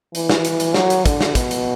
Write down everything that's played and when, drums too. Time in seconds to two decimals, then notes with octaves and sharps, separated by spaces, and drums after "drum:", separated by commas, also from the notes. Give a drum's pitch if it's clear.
0.15 E3, drum: hi-hat
0.30 drum: snare
0.45 drum: hi-hat
0.60 drum: hi-hat
0.74 F#3, drum: snare
0.90 drum: hi-hat
1.06 D3, drum: kick, hi-hat
1.21 drum: snare
1.35 B2, drum: kick, hi-hat
1.51 drum: hi-hat